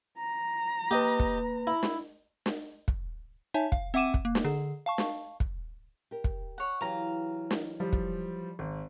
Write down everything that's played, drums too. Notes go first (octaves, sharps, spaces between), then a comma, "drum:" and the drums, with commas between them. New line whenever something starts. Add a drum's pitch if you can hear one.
A#5
A#3 G4 B4 D#5
drum: kick
E4
drum: snare
drum: snare
drum: kick
D#4 C#5 E5 G#5 A5
F5, drum: kick
C4 E5 F#5 D6 D#7 E7
drum: kick
A#3
drum: snare
D3 G#4
F5 A5 C#6
drum: snare
drum: kick
G4 A#4
drum: kick
C#5 F#5
E3 F#3 G4 F5 A#5
drum: snare
F3 G3
drum: kick
G#1